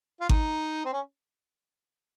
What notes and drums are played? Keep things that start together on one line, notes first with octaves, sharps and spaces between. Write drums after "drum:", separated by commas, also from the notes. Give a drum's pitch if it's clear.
F4
D#4, drum: kick G#1
C4
C#4